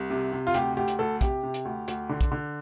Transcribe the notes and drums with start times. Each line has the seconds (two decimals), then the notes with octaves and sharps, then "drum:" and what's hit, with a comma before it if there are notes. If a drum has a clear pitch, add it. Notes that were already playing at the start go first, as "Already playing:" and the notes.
Already playing: C2
0.10 C3
0.32 C3
0.47 F4
0.54 D2 G4, drum: hi-hat
0.76 D2 G4
0.88 drum: hi-hat
0.99 D2 A4
1.21 C3 G4, drum: kick, hi-hat
1.43 C3
1.54 drum: hi-hat
1.65 D2
1.88 D2, drum: hi-hat
2.09 D3
2.21 drum: kick, hi-hat
2.31 D3